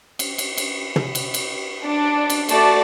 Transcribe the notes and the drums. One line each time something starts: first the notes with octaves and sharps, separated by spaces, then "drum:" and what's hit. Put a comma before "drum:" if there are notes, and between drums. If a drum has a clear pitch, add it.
drum: cymbal
drum: cymbal
drum: cymbal
drum: tom
drum: cymbal
drum: cymbal
D4
drum: cymbal
A3 F#4 D5 A5, drum: cymbal